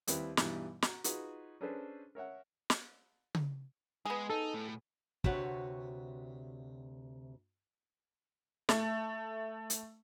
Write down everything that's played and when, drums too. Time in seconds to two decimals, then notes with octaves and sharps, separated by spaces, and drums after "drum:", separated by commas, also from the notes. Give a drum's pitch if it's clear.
0.07 D#2 G3 C4 E4 G4 B4, drum: hi-hat
0.37 G2 B2 E3 G3 D#4 F#6, drum: snare
0.82 F#4 A#5, drum: snare
1.04 D#4 F4 F#4 G#4 B4, drum: hi-hat
1.61 C#4 D4 G#4 A4 B4 C5
2.15 A#4 C#5 E5 F#5
2.70 drum: snare
3.35 drum: tom C#3
4.05 G#3 B3 G#4
4.30 D#4 A4
4.54 A2
5.24 D2 C3 F#4 B4 C#5 F#5, drum: kick
8.69 A3, drum: snare
9.70 drum: hi-hat